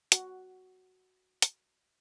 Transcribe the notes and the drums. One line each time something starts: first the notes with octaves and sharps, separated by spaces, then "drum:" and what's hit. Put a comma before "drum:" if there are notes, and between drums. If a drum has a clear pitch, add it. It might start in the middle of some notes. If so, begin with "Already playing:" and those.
F#4, drum: hi-hat
drum: hi-hat